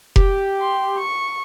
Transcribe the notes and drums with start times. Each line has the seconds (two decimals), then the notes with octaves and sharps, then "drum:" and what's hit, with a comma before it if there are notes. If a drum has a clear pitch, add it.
0.16 G4, drum: kick F1
0.60 C6
0.97 C#6